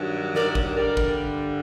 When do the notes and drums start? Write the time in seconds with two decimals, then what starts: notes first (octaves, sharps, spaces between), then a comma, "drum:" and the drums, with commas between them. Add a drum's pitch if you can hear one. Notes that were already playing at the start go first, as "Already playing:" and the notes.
Already playing: G2 D#3 F#3
0.35 A#4 D5, drum: snare
0.55 drum: kick
0.76 G2 D3 G3 A#4 D5
0.97 drum: kick